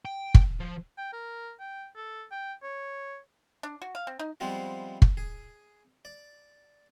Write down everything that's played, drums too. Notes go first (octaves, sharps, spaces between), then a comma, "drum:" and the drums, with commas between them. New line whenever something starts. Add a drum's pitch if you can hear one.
G5
drum: kick
F3
G5
A#4
G5
A4
G5
C#5
D4
F#4
F5
C4
D#4
F3 G3 G#3 B3 C4 F4
drum: kick
G#4
D5